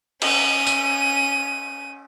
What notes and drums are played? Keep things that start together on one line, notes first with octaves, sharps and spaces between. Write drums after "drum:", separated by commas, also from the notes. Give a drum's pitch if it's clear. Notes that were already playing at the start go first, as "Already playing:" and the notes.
C#4 D#7, drum: cymbal
drum: tambourine